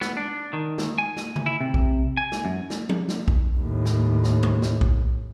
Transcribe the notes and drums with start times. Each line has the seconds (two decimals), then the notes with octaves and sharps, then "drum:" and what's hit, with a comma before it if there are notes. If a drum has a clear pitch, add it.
0.01 B3, drum: snare
0.17 D4
0.53 D#3
0.78 drum: snare
0.98 G#5
1.17 drum: snare
1.36 drum: tom C#3
1.46 E4
1.61 C3
1.74 drum: kick A#1
2.17 G#5
2.32 drum: snare
2.45 F#2
2.70 drum: snare
2.89 drum: tom F3
3.09 drum: snare
3.28 drum: kick A#1
3.57 D#2 A2
3.85 drum: snare
4.24 drum: snare
4.43 drum: tom
4.62 drum: snare
4.81 drum: kick A#1